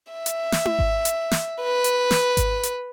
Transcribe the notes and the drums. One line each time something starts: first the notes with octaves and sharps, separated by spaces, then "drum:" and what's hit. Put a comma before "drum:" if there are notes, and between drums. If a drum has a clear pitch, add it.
E5
drum: hi-hat
drum: snare
drum: tom E4
drum: kick G#1
drum: hi-hat
drum: snare
B4
drum: hi-hat
drum: snare
drum: kick G#1, hi-hat
drum: hi-hat